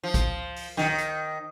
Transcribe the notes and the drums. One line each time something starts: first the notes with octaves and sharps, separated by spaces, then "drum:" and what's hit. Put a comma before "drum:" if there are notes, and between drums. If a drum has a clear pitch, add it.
F3
drum: kick G#1, hi-hat
drum: open hi-hat
D#3, drum: snare
drum: hi-hat